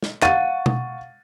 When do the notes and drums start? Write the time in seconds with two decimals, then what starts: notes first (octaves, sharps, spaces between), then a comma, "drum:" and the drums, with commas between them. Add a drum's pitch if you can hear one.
0.03 drum: snare
0.22 F5 F#5 C#6 A6 D#7, drum: clap
0.66 drum: tom B2